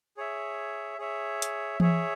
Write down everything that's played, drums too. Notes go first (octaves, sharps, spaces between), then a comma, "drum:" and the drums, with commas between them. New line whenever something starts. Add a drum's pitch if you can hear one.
G#4 C#5 E5
G#4 C#5 E5
drum: hi-hat
G#4 C#5 E5, drum: tom E3